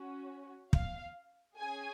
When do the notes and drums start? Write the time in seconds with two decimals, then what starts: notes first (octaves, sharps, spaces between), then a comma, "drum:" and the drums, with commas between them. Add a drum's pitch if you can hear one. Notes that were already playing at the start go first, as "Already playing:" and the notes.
Already playing: C#4 F#4
0.73 F5, drum: kick
1.59 C#4 G#4 G#5